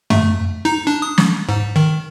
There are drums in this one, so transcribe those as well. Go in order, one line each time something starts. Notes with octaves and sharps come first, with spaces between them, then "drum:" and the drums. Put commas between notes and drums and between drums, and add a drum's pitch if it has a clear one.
A3, drum: tom F#2
D#4
D4
D#6
drum: snare
G#2
D#3